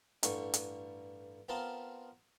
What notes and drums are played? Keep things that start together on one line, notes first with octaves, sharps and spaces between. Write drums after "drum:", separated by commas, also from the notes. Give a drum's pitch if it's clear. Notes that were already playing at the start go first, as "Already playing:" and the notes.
A1 G2 D3 C#6, drum: hi-hat
drum: hi-hat
B3 C4 F4 A#4 A5